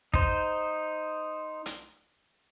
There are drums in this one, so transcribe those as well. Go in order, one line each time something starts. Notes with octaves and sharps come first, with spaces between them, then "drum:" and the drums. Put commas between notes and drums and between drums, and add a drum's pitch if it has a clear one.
D#4 C5, drum: kick
drum: hi-hat